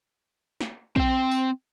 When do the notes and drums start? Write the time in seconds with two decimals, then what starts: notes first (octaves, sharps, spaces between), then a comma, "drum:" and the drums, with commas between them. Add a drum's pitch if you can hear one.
0.61 drum: snare
0.96 C4 G5, drum: kick
1.31 drum: tambourine